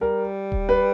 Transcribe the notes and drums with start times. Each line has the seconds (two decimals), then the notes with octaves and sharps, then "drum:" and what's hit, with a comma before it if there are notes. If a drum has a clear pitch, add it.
0.01 G3 A#4
0.52 drum: kick D#1
0.69 B4